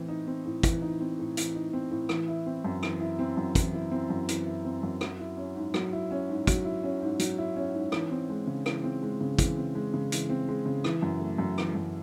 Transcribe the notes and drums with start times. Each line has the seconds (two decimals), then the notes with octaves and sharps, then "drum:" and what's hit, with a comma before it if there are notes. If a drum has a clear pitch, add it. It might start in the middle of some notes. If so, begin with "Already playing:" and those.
Already playing: A2 E3 C4
0.08 D#4
0.27 C4
0.45 A2
0.63 E3, drum: kick, hi-hat
0.82 D#4
1.00 C4
1.19 A2
1.37 E3, drum: hi-hat
1.55 D#4
1.73 C4
1.91 A2
2.09 E3, drum: rim click
2.28 E4
2.46 C4
2.64 F#2
2.83 E3, drum: rim click
3.00 E4
3.19 C4
3.37 F#2
3.55 E3, drum: kick, hi-hat
3.74 E4
3.92 C4
4.10 F#2
4.29 E3, drum: hi-hat
4.46 E4
4.64 C4
4.83 F#2
5.01 F#3, drum: rim click
5.19 E4
5.37 C#4
5.55 G#2
5.74 F#3, drum: rim click
5.93 E4
6.11 C#4
6.29 G#2
6.47 F#3, drum: kick, hi-hat
6.65 E4
6.84 C#4
7.02 G#2
7.19 F#3, drum: hi-hat
7.38 E4
7.56 C#4
7.74 G#2
7.92 E3, drum: rim click
8.11 C4
8.29 G#3
8.47 C#3
8.66 E3, drum: rim click
8.84 C4
9.03 G#3
9.21 C#3
9.39 E3, drum: kick, hi-hat
9.57 C4
9.75 G#3
9.94 C#3
10.12 E3, drum: hi-hat
10.30 C4
10.48 G#3
10.66 C#3
10.84 E3, drum: rim click
11.02 F#2
11.20 A3
11.38 F#2
11.58 E3, drum: rim click
11.75 F#2